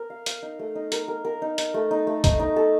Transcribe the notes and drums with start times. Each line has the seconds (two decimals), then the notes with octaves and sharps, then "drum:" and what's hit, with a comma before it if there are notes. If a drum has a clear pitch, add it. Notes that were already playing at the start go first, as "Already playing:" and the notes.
Already playing: A#4
0.10 F5
0.26 F5, drum: hi-hat
0.43 D#4
0.59 A3
0.75 D#4
0.92 A#4, drum: hi-hat
1.08 A#4
1.25 A#4
1.42 D#4
1.58 D#4, drum: hi-hat
1.74 A3
1.91 D#4
2.07 A3
2.24 D#4, drum: kick, hi-hat
2.40 D#4
2.56 A4